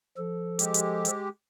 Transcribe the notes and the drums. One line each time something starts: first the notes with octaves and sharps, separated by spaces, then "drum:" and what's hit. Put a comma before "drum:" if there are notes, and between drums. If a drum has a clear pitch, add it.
F3 A4
G#3 G4, drum: hi-hat
drum: hi-hat
drum: hi-hat